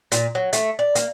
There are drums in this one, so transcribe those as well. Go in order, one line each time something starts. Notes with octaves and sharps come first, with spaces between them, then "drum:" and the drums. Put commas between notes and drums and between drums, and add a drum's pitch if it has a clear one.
A#2, drum: hi-hat
F#3
A3, drum: hi-hat
D5
A#3, drum: hi-hat